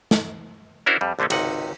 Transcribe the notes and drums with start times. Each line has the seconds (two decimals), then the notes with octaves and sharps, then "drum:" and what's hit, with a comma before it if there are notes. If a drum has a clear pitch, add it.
0.11 drum: snare
0.86 C#4 D4 E4 F#4 A#4 C5
1.01 F2 G3
1.19 A#1 D3 A3 C4 C#4
1.30 G#1 C#2 C3 D#4 F#5, drum: cymbal